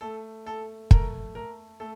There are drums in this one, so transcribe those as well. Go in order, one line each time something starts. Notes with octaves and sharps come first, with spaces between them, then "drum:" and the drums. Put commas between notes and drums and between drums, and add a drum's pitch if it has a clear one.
A3 A4
A3 A4
A3 A#4, drum: kick
A3 A#4
A3 A4